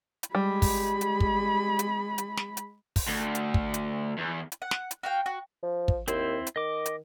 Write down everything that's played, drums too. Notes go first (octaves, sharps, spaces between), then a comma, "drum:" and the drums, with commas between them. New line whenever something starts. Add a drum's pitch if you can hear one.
drum: hi-hat
G3 G#3 B5
drum: kick, open hi-hat
drum: hi-hat
drum: kick
drum: hi-hat
drum: hi-hat
drum: snare
drum: hi-hat
drum: kick, open hi-hat
D2
drum: hi-hat
drum: kick
drum: hi-hat
E2
drum: hi-hat
F#5
drum: snare
drum: hi-hat
F#4 F5 G5
F#4
F3
drum: kick
D#2 C4 E4 C5, drum: hi-hat
drum: hi-hat
D#3 D#5 D6
drum: hi-hat